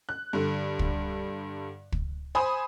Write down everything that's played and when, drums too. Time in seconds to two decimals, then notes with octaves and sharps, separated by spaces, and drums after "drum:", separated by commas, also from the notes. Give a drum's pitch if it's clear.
0.09 F#6
0.33 G2 D3
0.79 drum: kick
1.92 drum: kick
2.35 C5 G#5 B5 D#6